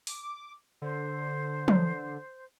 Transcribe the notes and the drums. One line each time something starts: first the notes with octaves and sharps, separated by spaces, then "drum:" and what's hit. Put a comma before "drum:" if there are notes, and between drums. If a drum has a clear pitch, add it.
D6, drum: open hi-hat
D3 C5
drum: tom